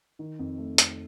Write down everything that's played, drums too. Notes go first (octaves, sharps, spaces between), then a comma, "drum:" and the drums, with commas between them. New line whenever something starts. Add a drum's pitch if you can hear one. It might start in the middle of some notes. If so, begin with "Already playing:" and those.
D#3
F2
A3
F2, drum: hi-hat